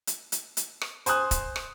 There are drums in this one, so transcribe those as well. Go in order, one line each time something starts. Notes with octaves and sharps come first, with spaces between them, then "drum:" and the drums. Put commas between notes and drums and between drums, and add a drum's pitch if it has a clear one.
drum: hi-hat
drum: hi-hat
drum: hi-hat
drum: rim click
C5 G#5 C6 D#6 F#6, drum: hi-hat
drum: kick, hi-hat
drum: rim click